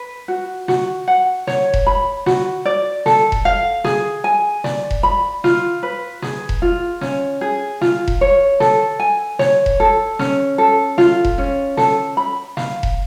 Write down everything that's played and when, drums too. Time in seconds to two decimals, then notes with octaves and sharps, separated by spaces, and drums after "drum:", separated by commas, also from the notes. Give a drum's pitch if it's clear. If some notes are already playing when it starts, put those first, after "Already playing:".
Already playing: B4
0.28 F#4
0.68 F#4, drum: snare
1.08 F#5
1.47 C#5, drum: snare
1.74 drum: kick E1
1.86 B5
2.26 F#4, drum: snare
2.65 D5
3.06 A4, drum: snare
3.32 drum: kick E1
3.45 F5
3.84 G#4, drum: snare
4.24 G#5
4.64 D5, drum: snare
4.91 drum: kick E1
5.03 B5
5.44 F4, drum: snare
5.83 B4
6.22 G#4, drum: snare
6.49 drum: kick E1
6.62 F4
7.01 C#4, drum: snare
7.41 G#4
7.81 F4, drum: snare
8.08 drum: kick E1
8.21 C#5
8.60 A4, drum: snare
9.00 G#5
9.39 C#5, drum: snare
9.66 drum: kick E1
9.80 A4
10.19 C#4, drum: snare
10.58 A4
10.98 F4, drum: snare
11.25 drum: kick E1
11.38 C#4
11.77 A4, drum: snare
12.17 B5
12.57 F5, drum: snare
12.83 drum: kick E1